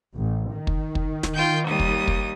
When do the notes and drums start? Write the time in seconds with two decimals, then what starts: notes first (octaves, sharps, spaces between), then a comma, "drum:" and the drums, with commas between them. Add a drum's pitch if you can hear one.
0.15 A1
0.53 D#3
0.67 drum: kick
0.95 drum: kick
1.23 drum: snare
1.34 F4 G5 G6
1.67 D#2 G3 D#6
1.79 drum: kick
2.08 drum: kick